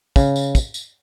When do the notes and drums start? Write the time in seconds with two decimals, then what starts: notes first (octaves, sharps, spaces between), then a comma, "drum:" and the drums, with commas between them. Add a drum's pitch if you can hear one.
0.16 C#3, drum: kick, tambourine
0.36 drum: tambourine
0.55 drum: kick, tambourine
0.74 drum: tambourine